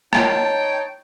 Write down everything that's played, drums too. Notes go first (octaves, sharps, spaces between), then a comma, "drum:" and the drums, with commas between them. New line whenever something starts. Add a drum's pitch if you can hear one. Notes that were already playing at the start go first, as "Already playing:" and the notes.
D#4 C#5 G5 A5, drum: rim click